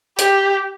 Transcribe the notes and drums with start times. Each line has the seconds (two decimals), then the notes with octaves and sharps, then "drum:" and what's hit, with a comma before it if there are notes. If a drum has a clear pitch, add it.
0.18 G4, drum: hi-hat